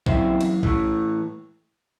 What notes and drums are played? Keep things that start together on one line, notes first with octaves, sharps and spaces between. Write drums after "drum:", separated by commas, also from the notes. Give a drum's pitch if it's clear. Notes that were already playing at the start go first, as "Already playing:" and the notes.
F#2 E3 C4 E4, drum: kick A#1
drum: cymbal
A2 E3, drum: kick A#1